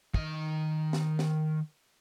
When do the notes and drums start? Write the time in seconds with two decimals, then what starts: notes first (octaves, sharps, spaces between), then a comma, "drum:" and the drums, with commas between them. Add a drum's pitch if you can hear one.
0.14 D#3 D#5, drum: kick
0.93 drum: snare
1.19 drum: snare